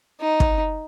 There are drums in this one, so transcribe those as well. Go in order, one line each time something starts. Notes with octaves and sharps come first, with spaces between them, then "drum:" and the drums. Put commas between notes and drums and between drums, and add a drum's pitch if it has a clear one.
D#4
drum: kick